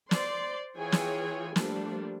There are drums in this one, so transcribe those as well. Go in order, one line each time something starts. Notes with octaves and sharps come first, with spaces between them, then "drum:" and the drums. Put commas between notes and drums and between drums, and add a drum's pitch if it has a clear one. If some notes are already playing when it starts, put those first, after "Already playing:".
C5 D5 C6, drum: snare
E3 F4 G#4 C#5 G5 G#5
drum: snare
F3 G3 A3 A#3 D4, drum: snare